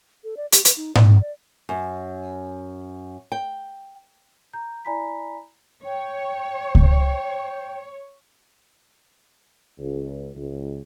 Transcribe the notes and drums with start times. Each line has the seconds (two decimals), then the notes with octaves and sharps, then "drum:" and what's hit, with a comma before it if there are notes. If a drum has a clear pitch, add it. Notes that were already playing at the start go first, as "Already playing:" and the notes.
0.24 A4
0.37 D5
0.52 G4, drum: hi-hat
0.65 B4, drum: hi-hat
0.77 D#4
0.95 D5, drum: tom G#2
1.08 B3
1.21 D5
1.69 F#2
3.32 G5
4.53 A#5 G6
4.85 E4 D5 G#5 A#5 B5 B6
5.84 C#5 G5
6.75 drum: kick C#2
9.78 C#2
10.35 C#2